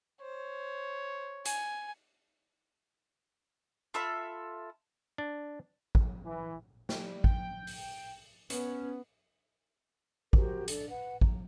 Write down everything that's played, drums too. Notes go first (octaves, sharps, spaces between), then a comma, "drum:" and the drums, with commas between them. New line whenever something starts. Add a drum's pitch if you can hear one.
C5 C#5
G#5, drum: hi-hat
F4 A4 E5 B5
D4
drum: kick
E3
G3, drum: snare
G5, drum: kick
drum: open hi-hat
B3 C#4, drum: hi-hat
F#4 G4 A#4 C5, drum: kick
D4 A4 D5, drum: hi-hat
B4 F#5
A#5, drum: kick